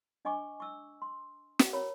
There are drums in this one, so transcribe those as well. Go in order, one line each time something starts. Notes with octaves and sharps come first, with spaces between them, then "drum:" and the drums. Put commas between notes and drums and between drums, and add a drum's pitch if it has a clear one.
D4 D#5 G#5 C#6 D6
C#6 E6
C6
drum: snare
A#4 C#5 A#5 B5